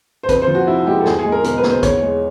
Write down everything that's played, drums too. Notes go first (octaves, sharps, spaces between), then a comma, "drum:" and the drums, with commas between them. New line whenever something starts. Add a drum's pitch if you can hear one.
C5
F2 B4, drum: kick, hi-hat
C5
F3
F#4
C3 E4
G#3 G4
A4
E2 G#4, drum: snare
G#4
G#3
A#4
B2 A#4, drum: hi-hat
B4
B3, drum: snare
C5
E2 C#5, drum: kick, hi-hat
G#3